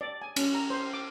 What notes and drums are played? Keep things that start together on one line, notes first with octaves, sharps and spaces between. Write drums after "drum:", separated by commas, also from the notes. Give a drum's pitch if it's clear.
D5
G#5
C#4, drum: cymbal
A#5
C5
D6